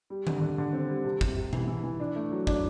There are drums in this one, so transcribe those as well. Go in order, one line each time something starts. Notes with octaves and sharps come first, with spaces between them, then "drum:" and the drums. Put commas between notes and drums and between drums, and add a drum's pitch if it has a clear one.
G3
D3, drum: tom D#3
D3
D3
C4
G3
C3
C3, drum: kick
C3
E3, drum: tom B2
E3
E3
D4
A3
F#3
D4, drum: kick